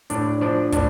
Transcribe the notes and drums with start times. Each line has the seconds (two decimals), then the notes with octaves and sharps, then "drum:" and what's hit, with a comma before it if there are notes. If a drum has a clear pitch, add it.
0.10 A2 D4 D5, drum: hi-hat
0.41 F3 D4 D5
0.72 A2 D4 D5, drum: kick, hi-hat